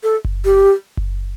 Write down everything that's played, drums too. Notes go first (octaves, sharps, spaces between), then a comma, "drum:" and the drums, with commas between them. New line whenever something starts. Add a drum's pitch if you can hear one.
A4
drum: kick F#1
G4
drum: kick F#1